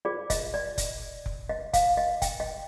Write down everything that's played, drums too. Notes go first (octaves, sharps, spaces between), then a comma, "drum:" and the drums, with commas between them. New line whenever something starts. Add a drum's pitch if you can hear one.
F4 G#4 C5 D5
D#5, drum: kick F1, hi-hat
D5
drum: kick F1, hi-hat
drum: kick F1
D#5
F5, drum: kick F1, hi-hat
D#5
G5, drum: kick F1, hi-hat
D#5